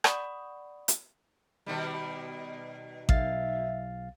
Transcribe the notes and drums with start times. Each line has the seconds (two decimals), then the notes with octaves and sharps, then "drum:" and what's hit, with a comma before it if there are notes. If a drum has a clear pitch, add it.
0.04 D5 F#5 B5 C#6 D#6, drum: rim click
0.88 drum: hi-hat
1.66 B2 D#3 G3
3.09 B1 E5 F5 A6, drum: kick A1